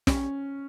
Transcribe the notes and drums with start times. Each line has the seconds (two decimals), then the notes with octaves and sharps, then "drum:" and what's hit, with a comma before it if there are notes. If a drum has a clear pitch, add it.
0.07 C#4, drum: snare